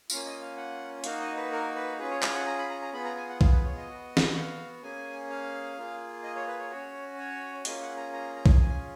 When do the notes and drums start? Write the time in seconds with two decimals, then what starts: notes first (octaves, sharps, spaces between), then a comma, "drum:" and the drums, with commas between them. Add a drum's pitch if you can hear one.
0.10 A#3 C#4 F4 F5, drum: tambourine
0.25 D#5
0.41 F5
0.57 F#5
1.04 A#3 D#4 F#4 F5, drum: hi-hat
1.20 D#5
1.36 B4
1.52 A#4
1.76 B4
1.98 C#4 F4 G#4 B4
2.11 C#5
2.23 F5, drum: clap
2.35 F#5
2.46 A#5
2.58 B5
2.70 A#5
2.82 A#5
2.93 B3 F4 G#4 B5
3.04 A#5
3.16 G#5
3.29 F#5
3.41 F5, drum: kick
3.52 B4
3.64 C#5
3.76 D#5
3.88 B3 F#4
4.17 drum: snare
4.34 F5
4.82 A#3 C#4 G#4 G#5
5.30 F5
5.77 A#3 F4 G#4
6.23 D#5
6.35 C#5
6.47 B4
6.59 C#5
6.71 C#4 F#4 C#5
7.18 C#5
7.65 A#3 C#4 F4 G#4 D#5, drum: hi-hat
7.82 F#5
7.96 A#5
8.13 A#5
8.36 A#5
8.46 drum: kick
8.60 C#4 F4 G#4 G#5